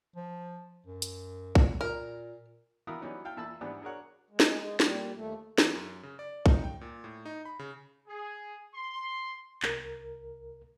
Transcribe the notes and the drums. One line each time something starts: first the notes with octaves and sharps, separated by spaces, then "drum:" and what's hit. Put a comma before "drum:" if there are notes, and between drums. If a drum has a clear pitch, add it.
F3
F#2
drum: hi-hat
drum: kick B1
A#2 A#4
E3 B3 E4 A#4 F5 D#6
E3 F#3 G3 B3 C#4 D#4
E4 F5 G5 A5
E2 A#2 E5 A5 B5 E6
G#2 E3 G3 B3 D4
D4 G#4 A#4 C#5 F#5
G#3
drum: snare
G#3
A#2 G3, drum: snare
D#2 A3
E3, drum: snare
F#2
C#3
D5
D#4, drum: kick B1
G5
A#2
A2
D#4
B5
C#3
G#4
C6
C2 A#4, drum: clap